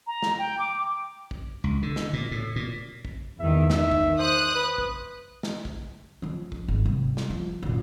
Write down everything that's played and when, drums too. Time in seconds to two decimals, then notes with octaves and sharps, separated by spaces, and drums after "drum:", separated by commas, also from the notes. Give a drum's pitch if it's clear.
0.07 A#5
0.22 drum: snare
0.39 G5
0.59 D6
1.31 drum: kick
1.64 C#2
1.82 D3
1.96 drum: snare
2.13 A#2
2.32 A2
2.56 A#2
3.05 drum: kick
3.40 E2 G2 D#3 E5
3.70 D#3 E5, drum: snare
3.91 drum: kick
4.19 C5 D#6 F#6
4.55 B4
4.78 drum: kick
5.43 drum: snare
5.65 drum: kick
6.22 F3 C#4
6.52 drum: kick
6.68 G#1
6.85 C3 G3
7.17 drum: snare
7.30 F3
7.63 F#2 A#2